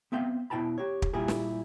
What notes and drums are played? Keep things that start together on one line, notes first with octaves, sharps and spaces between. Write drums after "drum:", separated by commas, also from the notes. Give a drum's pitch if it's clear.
B3 C4 E5 F5 G5
B2 E4 G5 A5 B5
G4 C#5
drum: kick
A#2 G3 E4 G4 G#4
drum: snare